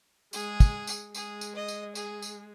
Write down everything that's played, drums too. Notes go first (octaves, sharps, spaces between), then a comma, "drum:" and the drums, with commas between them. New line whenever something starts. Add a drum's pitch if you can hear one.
G#3 G#4, drum: tambourine
drum: kick, tambourine
drum: tambourine
G#3 G#4, drum: tambourine
drum: tambourine
D#5
drum: tambourine
G#4, drum: tambourine
drum: tambourine